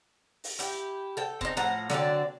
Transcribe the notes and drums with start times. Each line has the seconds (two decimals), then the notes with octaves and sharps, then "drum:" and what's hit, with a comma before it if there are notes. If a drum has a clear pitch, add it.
0.44 drum: open hi-hat
0.59 E4 G4, drum: hi-hat
1.17 A4 G5
1.41 C4 D#4, drum: kick
1.57 A2 F3 F#5 A#5
1.90 D3 F#3 C4 D5, drum: snare